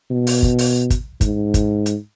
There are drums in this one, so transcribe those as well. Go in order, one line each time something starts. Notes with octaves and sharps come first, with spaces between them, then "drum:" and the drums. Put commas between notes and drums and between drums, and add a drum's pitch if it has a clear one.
B2
drum: open hi-hat
drum: kick
drum: open hi-hat
drum: kick, hi-hat
G#2, drum: kick, hi-hat
drum: kick, hi-hat
drum: hi-hat